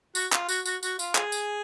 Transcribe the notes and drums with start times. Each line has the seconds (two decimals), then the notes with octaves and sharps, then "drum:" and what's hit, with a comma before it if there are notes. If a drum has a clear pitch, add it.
0.15 F#4, drum: tambourine
0.32 F4, drum: clap
0.49 F#4, drum: tambourine
0.66 F#4, drum: tambourine
0.83 F#4, drum: tambourine
0.99 F4, drum: tambourine
1.15 F4 G#4, drum: clap
1.32 drum: tambourine